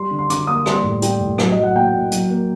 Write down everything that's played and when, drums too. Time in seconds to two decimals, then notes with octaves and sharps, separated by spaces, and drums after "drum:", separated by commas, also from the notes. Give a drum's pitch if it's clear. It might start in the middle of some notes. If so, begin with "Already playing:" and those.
Already playing: G3 C6
0.11 D3
0.19 C6
0.30 D3 D6, drum: hi-hat
0.47 A#3 D#6
0.66 G3 C6, drum: rim click
0.84 A2
1.02 G3 G5, drum: hi-hat
1.21 A2
1.38 F#3, drum: rim click
1.52 D#5
1.57 F#3
1.63 F#5
1.75 A#2 G5
1.94 A#2
2.12 F#3, drum: hi-hat
2.30 A#3